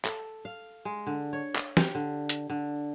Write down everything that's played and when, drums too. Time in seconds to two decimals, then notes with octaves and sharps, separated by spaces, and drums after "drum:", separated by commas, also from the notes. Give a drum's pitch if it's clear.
0.05 A4, drum: clap
0.45 F5
0.85 G#3
1.07 D3
1.33 C#5
1.55 drum: clap
1.77 G4, drum: snare
1.95 D3
2.29 drum: hi-hat
2.50 D3